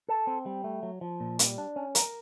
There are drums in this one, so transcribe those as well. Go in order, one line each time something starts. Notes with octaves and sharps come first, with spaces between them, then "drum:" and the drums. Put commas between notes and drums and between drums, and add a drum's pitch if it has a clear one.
A4
C4
G3
A3
F#3
F3
A#2
G3, drum: hi-hat
D4
C#4
A#4, drum: hi-hat